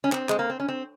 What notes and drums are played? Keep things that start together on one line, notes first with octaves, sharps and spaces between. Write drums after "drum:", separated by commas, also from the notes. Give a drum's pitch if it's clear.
C#4
C4, drum: clap
G#3, drum: clap
A#3
C4
C#4
C4